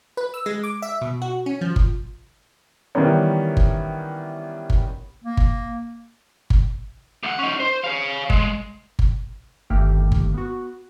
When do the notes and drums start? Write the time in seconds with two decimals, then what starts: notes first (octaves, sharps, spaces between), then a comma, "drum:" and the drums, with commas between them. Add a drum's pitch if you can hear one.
0.17 B4
0.34 E6
0.46 G#3
0.63 D6
0.82 E5
1.01 B2
1.22 F#4
1.46 C#4
1.61 F3
1.76 drum: kick G1
2.95 D#3 E3 G3 A#3 B3 C#4
3.57 drum: kick G1
4.70 drum: kick G1
5.24 A#3
5.37 drum: kick G1
6.50 drum: kick G1
7.23 D2 F#5
7.39 C#4 D#4
7.60 C5
7.84 C#5 F5
8.30 G#3, drum: kick G1
8.99 drum: kick G1
9.70 G1 D#3 A3 A#3 G4 F6
10.12 drum: kick G1
10.34 B3 F#4